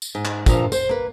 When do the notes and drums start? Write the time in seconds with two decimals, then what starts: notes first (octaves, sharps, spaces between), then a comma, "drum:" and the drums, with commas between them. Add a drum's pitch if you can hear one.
0.02 drum: tambourine
0.15 G#2
0.25 drum: clap
0.46 G2 A#2 F3 A#5, drum: kick, tambourine
0.72 C5, drum: tambourine
0.89 A#3 B4